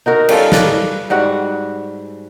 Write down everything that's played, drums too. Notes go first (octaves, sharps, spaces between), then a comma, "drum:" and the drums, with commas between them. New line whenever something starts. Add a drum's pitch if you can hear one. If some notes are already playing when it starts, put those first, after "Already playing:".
D#4 F#4 A#4
G3 C#4 F4 A4, drum: cymbal
B4 D5, drum: snare
G#2 G3 F#4 F#5